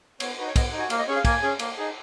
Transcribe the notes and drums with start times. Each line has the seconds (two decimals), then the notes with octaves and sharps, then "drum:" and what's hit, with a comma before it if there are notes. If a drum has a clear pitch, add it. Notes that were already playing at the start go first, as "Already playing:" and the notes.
0.20 B3 C#5, drum: cymbal
0.38 D#4 F#4 B4
0.47 C#5
0.56 B3 D#5, drum: kick, cymbal
0.67 F#5
0.72 D#4
0.77 F#4 G#5
0.90 A#3 F5, drum: cymbal
0.99 D#5
1.08 C#4 G#4 C#5
1.16 F5
1.25 A#3 G#5, drum: kick, cymbal
1.42 C#4 G#4
1.59 A#3, drum: cymbal
1.77 D#4 G#4